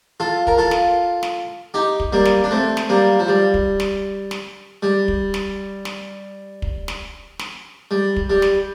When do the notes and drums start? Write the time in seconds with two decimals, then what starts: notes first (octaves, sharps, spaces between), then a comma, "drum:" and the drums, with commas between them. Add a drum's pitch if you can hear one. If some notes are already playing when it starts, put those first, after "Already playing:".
0.20 F4 A4
0.47 A#4, drum: kick
0.58 F4 A4
0.71 drum: snare
1.23 drum: snare
1.74 D#4 G4
2.00 drum: kick
2.13 G3 A#3
2.25 drum: snare
2.44 D4
2.51 A3 C4
2.77 drum: snare
2.89 G3 A#3
3.19 F3
3.28 G3
3.54 drum: kick
3.80 drum: snare
4.31 drum: snare
4.83 G3
5.08 drum: kick
5.34 drum: snare
5.85 drum: snare
6.62 drum: kick
6.88 drum: snare
7.39 drum: snare
7.91 G3
8.16 drum: kick
8.30 G3
8.42 drum: snare